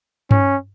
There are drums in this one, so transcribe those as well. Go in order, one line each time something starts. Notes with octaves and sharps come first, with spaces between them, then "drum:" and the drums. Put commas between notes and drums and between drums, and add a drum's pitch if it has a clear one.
C#4, drum: tom G2